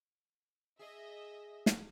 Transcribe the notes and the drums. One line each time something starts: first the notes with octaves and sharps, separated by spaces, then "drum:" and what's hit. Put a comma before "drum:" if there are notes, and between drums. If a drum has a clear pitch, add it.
G#4 D#5 E5
drum: snare